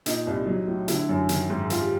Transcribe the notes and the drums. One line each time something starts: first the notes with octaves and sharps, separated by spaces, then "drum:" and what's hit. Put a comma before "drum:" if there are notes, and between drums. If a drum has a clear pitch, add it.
A#2 D#4, drum: hi-hat
C2
F#3
A2
D3 E4, drum: hi-hat
F#2
D#3, drum: hi-hat
G#2
F3 F4, drum: hi-hat
G4